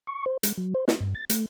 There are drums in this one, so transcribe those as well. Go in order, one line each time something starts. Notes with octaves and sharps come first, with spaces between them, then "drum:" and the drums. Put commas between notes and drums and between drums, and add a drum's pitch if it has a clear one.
C#6
C5
G#3, drum: hi-hat
F#3
C5
E4, drum: snare
G2
A6
A3, drum: hi-hat